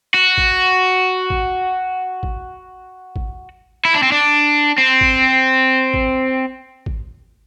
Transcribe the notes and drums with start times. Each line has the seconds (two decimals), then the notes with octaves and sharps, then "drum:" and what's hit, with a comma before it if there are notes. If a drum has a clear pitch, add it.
0.14 F#4
0.38 drum: kick
1.30 drum: kick
2.23 drum: kick
3.16 drum: kick
3.85 E4
3.95 D4
4.03 C4
4.12 D4
4.78 C4
5.01 drum: kick
5.94 drum: kick
6.86 drum: kick